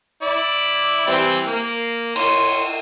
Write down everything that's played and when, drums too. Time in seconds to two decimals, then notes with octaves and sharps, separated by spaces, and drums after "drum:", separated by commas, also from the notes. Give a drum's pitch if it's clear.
0.22 E4 D5
1.07 E3 G3 C4
1.47 A#3
2.16 C#5 C6, drum: cymbal